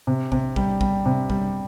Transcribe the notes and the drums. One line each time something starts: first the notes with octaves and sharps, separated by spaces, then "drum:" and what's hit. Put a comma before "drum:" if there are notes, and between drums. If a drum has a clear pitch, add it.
C3
C3, drum: kick
G3, drum: kick
G3, drum: kick
C3
G3, drum: kick